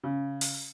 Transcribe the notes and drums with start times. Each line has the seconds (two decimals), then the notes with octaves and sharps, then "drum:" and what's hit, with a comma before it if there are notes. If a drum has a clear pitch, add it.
0.04 C#3
0.41 drum: open hi-hat